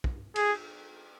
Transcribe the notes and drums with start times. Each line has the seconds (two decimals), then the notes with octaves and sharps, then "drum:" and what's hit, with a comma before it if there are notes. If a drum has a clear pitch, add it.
0.04 drum: kick
0.36 G#4, drum: cymbal